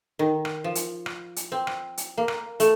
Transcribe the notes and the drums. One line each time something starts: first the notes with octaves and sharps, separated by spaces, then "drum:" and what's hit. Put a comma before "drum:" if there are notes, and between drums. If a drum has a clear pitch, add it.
D#3
drum: rim click
F3
drum: hi-hat
drum: rim click
drum: hi-hat
C4
drum: rim click
drum: hi-hat
A#3
drum: rim click
A3, drum: hi-hat